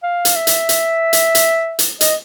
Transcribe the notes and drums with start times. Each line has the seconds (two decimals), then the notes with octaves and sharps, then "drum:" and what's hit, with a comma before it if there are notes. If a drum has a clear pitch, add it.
0.03 F5
0.25 drum: hi-hat
0.36 E5
0.47 drum: hi-hat
0.69 drum: hi-hat
1.13 drum: hi-hat
1.35 drum: hi-hat
1.79 drum: hi-hat
2.01 D#5, drum: hi-hat